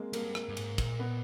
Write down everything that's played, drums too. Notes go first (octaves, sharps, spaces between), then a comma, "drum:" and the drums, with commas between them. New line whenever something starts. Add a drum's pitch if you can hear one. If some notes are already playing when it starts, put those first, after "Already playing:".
Already playing: G#3 A#3 C4
G2 A#3, drum: cymbal
drum: rim click
G2
G#2, drum: cymbal
A#2, drum: kick, cymbal
B3